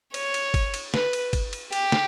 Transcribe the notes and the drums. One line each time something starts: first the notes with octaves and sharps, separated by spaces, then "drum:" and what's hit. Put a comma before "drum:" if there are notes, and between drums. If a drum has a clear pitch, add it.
C#5, drum: cymbal
drum: cymbal
drum: kick, cymbal
drum: cymbal
B4, drum: snare
drum: cymbal
drum: kick, cymbal
drum: cymbal
G4, drum: cymbal
drum: snare